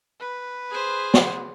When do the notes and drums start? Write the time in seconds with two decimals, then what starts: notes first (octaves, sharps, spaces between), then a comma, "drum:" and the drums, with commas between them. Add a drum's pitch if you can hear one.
0.20 B4
0.70 G#4 C5
1.14 drum: snare